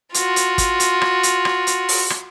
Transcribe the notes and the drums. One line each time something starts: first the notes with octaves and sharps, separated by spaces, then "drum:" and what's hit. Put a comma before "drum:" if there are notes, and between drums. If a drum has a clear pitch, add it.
F4 F#4, drum: hi-hat
drum: hi-hat
drum: kick, hi-hat
drum: hi-hat
drum: rim click
drum: hi-hat
drum: rim click
drum: hi-hat
drum: open hi-hat
drum: rim click